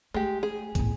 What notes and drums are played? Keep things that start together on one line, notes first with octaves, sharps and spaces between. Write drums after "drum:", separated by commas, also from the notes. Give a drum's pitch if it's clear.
G#3 A3 G4
G#4
A2 B3, drum: kick, hi-hat